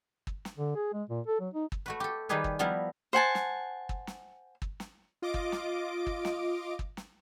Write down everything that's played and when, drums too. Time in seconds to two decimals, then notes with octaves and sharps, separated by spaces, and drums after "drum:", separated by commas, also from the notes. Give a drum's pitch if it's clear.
0.27 drum: kick
0.45 drum: snare
0.58 D3
0.75 G#4
0.93 G#3
1.09 A#2
1.27 A4
1.40 F#3
1.54 D#4
1.72 drum: kick
1.86 A3 F#4 B4
2.00 G4 A4
2.29 D#3 G3 D#4 G4 G#4 B4
2.44 drum: kick
2.59 F3 G3 B3 E4 A#4
3.13 C5 F#5 G#5 A5
3.35 drum: snare
3.89 drum: kick
4.07 drum: snare
4.62 drum: kick
4.80 drum: snare
5.22 F4 D#5 D6 D7
5.34 drum: kick
5.52 drum: snare
6.07 drum: kick
6.25 drum: snare
6.79 drum: kick
6.97 drum: snare